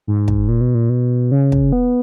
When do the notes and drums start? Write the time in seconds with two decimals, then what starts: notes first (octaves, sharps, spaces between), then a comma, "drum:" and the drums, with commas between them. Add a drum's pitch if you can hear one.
0.07 G#2
0.28 drum: kick
0.48 A#2
0.61 B2
0.74 A#2
0.89 B2
1.31 C#3
1.52 drum: kick
1.73 B3